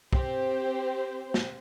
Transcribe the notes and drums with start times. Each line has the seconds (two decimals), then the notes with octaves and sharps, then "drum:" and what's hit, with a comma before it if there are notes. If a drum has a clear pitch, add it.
0.13 C4 G4 C5, drum: kick
1.34 drum: snare